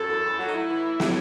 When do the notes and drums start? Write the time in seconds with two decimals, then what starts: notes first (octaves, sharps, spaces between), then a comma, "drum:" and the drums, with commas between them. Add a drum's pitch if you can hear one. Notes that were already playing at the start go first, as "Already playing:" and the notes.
Already playing: F#2 A4
0.09 E2
0.23 E2
0.39 F#3 F#4
0.47 D#4
0.53 A2 E4
0.69 E3
0.84 A2
1.00 F#3, drum: snare